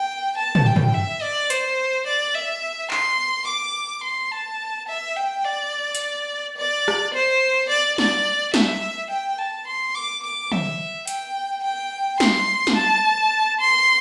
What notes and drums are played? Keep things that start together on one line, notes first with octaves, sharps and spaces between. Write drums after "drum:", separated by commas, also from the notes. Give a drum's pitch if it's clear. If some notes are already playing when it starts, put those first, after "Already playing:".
Already playing: G5
A5
drum: tom
G5
drum: tom
E5
D5
C5, drum: hi-hat
D5
E5
C6, drum: clap
D6
C6
A5
E5
G5
D5
drum: hi-hat
D5
drum: rim click
C5
D5
D5, drum: snare
E5, drum: snare
G5
A5
C6
D6
D6
E5, drum: tom
G5, drum: hi-hat
G5
C6, drum: snare
drum: snare
A5
C6